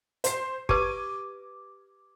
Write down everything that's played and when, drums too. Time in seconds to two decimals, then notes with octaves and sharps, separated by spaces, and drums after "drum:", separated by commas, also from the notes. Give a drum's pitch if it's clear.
0.24 C5 C7, drum: hi-hat
0.69 G4 B4 D6 G#6 D#7, drum: kick